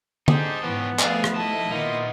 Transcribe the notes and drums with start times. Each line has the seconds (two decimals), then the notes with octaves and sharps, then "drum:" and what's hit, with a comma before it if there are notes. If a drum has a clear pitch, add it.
0.28 D3 D#4 G4 G#4 C5 A5, drum: tom
0.63 G#2 E3 B3 C#4 G4
0.99 F3 A3 E4 G#4 D5 F5, drum: clap
1.24 drum: rim click
1.35 D#2 E4 D#5 A5
1.71 A#2 D#3 A#3 B3 D#4 F4